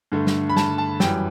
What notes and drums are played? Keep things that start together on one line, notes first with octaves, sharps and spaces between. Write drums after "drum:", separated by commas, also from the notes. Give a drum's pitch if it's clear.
G2 D3 A3
drum: snare
B5
A5, drum: snare
A5
F#2 E3 G3 G5, drum: snare